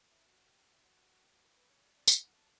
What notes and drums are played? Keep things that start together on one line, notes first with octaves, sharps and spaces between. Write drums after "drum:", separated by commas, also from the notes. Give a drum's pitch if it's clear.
E4
F#4
G4
F#4
E4
F#4
G4
F#4
B4
C#5
D5
D5
E5, drum: tambourine
F#5
A5